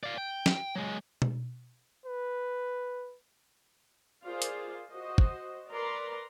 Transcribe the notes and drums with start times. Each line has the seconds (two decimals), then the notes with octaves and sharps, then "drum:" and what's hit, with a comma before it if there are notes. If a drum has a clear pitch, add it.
0.03 D5 F5
0.18 G5
0.46 drum: snare
0.75 F#3 G#3
1.22 drum: tom B2
2.06 B4
4.25 F4 G#4 A#4 C5 D5 F5
4.42 drum: hi-hat
4.92 F#4 C5 D#5
5.18 drum: kick
5.70 A#4 B4 D5 A#5 C6